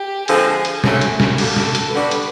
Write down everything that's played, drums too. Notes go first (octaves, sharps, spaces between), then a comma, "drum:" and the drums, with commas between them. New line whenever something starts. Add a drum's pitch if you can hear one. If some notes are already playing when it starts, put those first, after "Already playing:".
Already playing: G4
D3 F3 G#3 C4 F4 G#4, drum: hi-hat
drum: hi-hat
D3 F#3 A3, drum: snare
drum: hi-hat
drum: snare
D#3 G3 A#3 D4 F#4 A4, drum: open hi-hat
drum: snare
drum: hi-hat
D3 G3 B3 D4 F#4 B4
drum: hi-hat